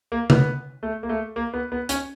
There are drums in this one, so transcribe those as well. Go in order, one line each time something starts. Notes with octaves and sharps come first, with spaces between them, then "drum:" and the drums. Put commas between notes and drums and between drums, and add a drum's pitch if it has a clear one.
A#3
B3, drum: tom C3
A3
A#3
A3
A#3
B3
B3
C#4, drum: hi-hat